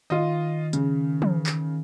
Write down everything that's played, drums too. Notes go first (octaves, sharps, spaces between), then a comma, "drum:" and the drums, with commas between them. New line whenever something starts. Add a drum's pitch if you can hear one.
D#3 F4 D#5
C#3, drum: hi-hat
drum: tom
drum: clap